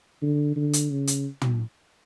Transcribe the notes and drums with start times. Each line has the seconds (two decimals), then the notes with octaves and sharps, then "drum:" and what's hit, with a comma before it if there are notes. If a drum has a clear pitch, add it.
0.22 D3
0.56 D3
0.73 drum: hi-hat
0.91 C#3
1.07 drum: hi-hat
1.41 drum: tom